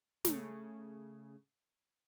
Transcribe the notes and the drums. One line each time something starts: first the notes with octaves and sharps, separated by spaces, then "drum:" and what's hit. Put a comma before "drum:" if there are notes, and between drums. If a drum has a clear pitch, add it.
C#3 A3, drum: snare